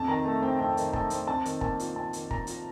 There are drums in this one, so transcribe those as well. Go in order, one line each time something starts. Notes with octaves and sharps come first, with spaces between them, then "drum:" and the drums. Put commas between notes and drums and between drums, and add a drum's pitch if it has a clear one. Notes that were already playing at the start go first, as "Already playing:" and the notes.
Already playing: F2 A5
D#3 A#5
A3
C4 G5
F2 G5
D#3, drum: hi-hat
A3 A5, drum: kick
C4, drum: hi-hat
F2 A5
D#3, drum: hi-hat
A#3 A5, drum: kick
F4, drum: hi-hat
F2 A5
D#3, drum: hi-hat
A#3 A#5, drum: kick
F4, drum: hi-hat